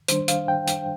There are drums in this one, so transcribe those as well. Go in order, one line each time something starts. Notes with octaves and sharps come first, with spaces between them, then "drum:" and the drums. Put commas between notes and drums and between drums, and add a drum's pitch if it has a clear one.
D#3 G3 D4 C5, drum: hi-hat
F5, drum: hi-hat
G5
drum: hi-hat